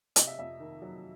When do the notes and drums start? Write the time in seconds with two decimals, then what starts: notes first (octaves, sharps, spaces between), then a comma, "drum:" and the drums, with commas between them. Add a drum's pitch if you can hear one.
0.16 C3 D#5, drum: hi-hat
0.27 E5
0.38 F2 E5
0.60 D#3
0.82 F#3